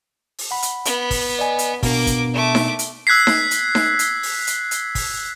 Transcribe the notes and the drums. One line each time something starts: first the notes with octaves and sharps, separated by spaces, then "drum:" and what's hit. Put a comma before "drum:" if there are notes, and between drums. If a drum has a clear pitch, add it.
drum: open hi-hat
F#5 B5
drum: hi-hat
B3, drum: hi-hat
drum: kick, open hi-hat
D5 D#5 G#5
drum: hi-hat
B2 A#3 B3 D4 D6, drum: kick, open hi-hat
drum: kick, hi-hat
A3 D6
drum: snare D#4
drum: hi-hat
E6 F#6 G#6 B6 C7
drum: snare D#4
drum: hi-hat
drum: snare D#4
drum: hi-hat
drum: open hi-hat
drum: hi-hat
drum: hi-hat
drum: kick, open hi-hat